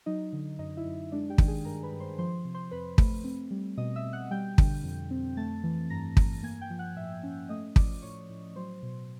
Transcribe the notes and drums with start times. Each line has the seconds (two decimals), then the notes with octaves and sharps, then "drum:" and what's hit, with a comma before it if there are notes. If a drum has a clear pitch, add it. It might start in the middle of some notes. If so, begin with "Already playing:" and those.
0.06 F#3 D#4 D#5
0.33 D3
0.59 F#2 D#4 D#5
0.77 E4 E5
0.85 F#2
1.12 G#3 D4 D5
1.29 G4 G5
1.38 D#3, drum: kick
1.48 G#4 G#5
1.65 G2 A#4 A#5
1.83 B4 B5
1.92 G2
2.00 C5 C6
2.19 F3 C5 C6
2.45 C3
2.55 C5 C6
2.71 F2 B4 B5
2.98 A3, drum: kick
3.24 C4
3.51 G3
3.77 B2 D#5 D#6
3.96 E5 E6
4.05 B2
4.13 F#5 F#6
4.31 G3 G5 G6
4.58 D3, drum: kick
4.83 F2
5.11 C4
5.37 A3 A5 A6
5.63 E3
5.90 G2 A#5 A#6
6.17 G2, drum: kick
6.43 A#3 G#5 G#6
6.61 G5 G6
6.70 F3
6.79 F#5 F#6
6.96 A2 E5 E6
7.23 C#4
7.49 A3 D#5 D#6
7.76 F3 D5 D6, drum: kick
8.02 A2 C#5 C#6
8.30 A2
8.56 F#3 C5 C6
8.83 B2